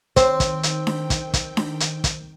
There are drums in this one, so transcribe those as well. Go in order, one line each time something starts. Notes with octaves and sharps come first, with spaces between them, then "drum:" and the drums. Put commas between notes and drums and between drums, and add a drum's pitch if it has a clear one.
D#3 C4 C5 G5, drum: kick, hi-hat
drum: kick, hi-hat
drum: hi-hat
drum: snare D4
drum: kick, hi-hat
drum: kick, hi-hat
drum: snare D4
drum: hi-hat
drum: kick, hi-hat